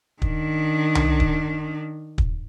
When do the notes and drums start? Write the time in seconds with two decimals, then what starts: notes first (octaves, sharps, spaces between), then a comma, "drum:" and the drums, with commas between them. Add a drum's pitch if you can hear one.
0.22 D#3 D4, drum: kick
0.95 drum: tom C2
1.20 drum: kick
2.18 drum: kick